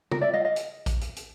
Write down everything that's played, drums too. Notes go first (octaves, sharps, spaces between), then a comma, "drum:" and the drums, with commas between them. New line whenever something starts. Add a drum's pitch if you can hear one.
A#4, drum: tom
D5 E5
D#5 F5
D#5 F5
drum: hi-hat
drum: kick A#1, hi-hat
drum: hi-hat
drum: hi-hat